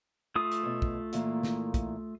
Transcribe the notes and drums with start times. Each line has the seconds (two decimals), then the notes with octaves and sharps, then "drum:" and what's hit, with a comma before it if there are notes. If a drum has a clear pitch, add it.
0.36 A3 F4 D#6
0.51 drum: hi-hat
0.63 B2 C#5
0.82 drum: kick
1.13 A#2 E3 A#3, drum: hi-hat
1.43 drum: snare
1.74 drum: kick, hi-hat